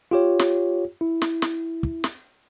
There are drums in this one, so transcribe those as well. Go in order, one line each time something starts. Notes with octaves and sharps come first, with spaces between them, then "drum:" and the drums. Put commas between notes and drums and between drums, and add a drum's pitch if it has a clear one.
F4 G4 C#5
drum: snare
E4
drum: snare
drum: snare
drum: kick
drum: snare